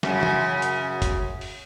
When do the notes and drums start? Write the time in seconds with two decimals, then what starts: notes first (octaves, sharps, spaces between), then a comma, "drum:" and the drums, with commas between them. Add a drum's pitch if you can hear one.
0.03 F#2 C#3, drum: snare
0.23 drum: tom
0.62 drum: hi-hat
1.02 drum: kick F#1, hi-hat
1.41 drum: open hi-hat